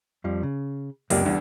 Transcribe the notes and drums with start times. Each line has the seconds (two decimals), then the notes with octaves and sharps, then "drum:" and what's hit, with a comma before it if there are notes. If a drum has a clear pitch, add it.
0.24 F2 F3 G3
0.43 C#3
1.10 C#2 F#2 C3 A#3 D5, drum: open hi-hat
1.25 E2 D3 G3